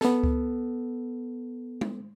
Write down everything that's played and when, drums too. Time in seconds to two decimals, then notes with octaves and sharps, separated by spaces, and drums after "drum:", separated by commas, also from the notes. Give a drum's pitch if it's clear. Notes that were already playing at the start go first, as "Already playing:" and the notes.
0.01 B3 A4, drum: snare
0.24 drum: kick C#2
1.81 drum: tom G#3